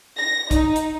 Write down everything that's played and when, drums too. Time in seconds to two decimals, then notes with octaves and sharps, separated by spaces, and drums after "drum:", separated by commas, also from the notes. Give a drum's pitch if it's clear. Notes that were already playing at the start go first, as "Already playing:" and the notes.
0.17 A#6
0.51 D#4, drum: kick, hi-hat
0.76 drum: hi-hat